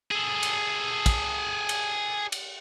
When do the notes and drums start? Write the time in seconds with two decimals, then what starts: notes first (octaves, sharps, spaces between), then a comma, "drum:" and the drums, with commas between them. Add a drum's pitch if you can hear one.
0.11 G#4 A4
0.43 drum: cymbal
1.06 drum: kick, cymbal
1.69 drum: cymbal
2.32 drum: cymbal